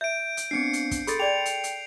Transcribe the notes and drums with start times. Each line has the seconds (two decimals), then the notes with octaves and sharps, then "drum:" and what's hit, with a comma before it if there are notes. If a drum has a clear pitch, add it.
0.01 E5 G6 D7
0.37 drum: hi-hat
0.51 B3 C4 D4 C7 C#7
0.73 drum: hi-hat
0.91 drum: kick, hi-hat
1.07 G#4 A4 B5 C6 A6, drum: hi-hat
1.20 G#4 D5 G5 F7
1.46 drum: hi-hat
1.64 drum: hi-hat